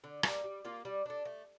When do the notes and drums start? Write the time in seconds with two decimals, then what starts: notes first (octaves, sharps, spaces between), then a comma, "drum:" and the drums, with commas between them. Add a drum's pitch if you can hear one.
0.04 D3
0.23 G3 A#3, drum: rim click
0.44 G3
0.65 A#3 F4
0.85 G3
1.06 D4 A4
1.25 A3